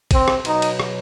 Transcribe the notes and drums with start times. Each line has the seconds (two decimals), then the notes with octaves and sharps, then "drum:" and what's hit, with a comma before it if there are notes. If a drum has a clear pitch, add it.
0.11 C4, drum: kick A1, cymbal
0.28 drum: rim click
0.45 B2 F#3 B3 D#4, drum: cymbal
0.62 drum: cymbal
0.80 drum: rim click